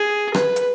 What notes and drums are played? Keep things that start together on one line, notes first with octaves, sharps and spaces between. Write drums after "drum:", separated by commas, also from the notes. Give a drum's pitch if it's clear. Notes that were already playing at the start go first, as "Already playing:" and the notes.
Already playing: G#4
B4, drum: rim click
drum: hi-hat